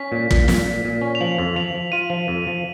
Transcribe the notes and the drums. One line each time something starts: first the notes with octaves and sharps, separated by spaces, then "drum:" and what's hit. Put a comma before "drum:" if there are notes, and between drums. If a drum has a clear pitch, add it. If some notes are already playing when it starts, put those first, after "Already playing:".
Already playing: C#4 B6
A#2
A#2, drum: kick
A#2, drum: snare
A#2
A#2
C#4
F7
F3 F#7
F2
F3 F7
F3
F4 D#7
F3
F2
F3